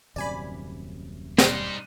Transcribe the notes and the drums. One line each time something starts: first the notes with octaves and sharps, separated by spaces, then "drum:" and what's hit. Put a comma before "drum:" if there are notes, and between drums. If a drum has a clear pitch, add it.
D#1 F#2 C3 D5 G#5 B5
G3 D#4 C5 F6 F#6, drum: snare